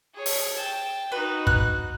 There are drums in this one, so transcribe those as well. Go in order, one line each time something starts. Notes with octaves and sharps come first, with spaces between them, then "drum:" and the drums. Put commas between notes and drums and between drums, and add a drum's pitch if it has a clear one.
G#4 C#5
drum: open hi-hat
G5 A5
D#4 F#4 B4
F#6, drum: kick